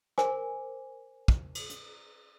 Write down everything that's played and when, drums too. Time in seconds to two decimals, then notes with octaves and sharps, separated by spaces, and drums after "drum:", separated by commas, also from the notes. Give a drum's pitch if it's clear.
0.18 A#4 C5 G#5 D6, drum: rim click
1.28 drum: kick
1.55 drum: cymbal
1.70 drum: hi-hat